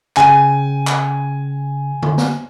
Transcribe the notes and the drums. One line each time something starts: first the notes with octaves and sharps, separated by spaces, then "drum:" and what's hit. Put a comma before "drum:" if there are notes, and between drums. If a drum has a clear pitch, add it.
C#3 G5 G#5, drum: clap
drum: clap
drum: tom D3
drum: snare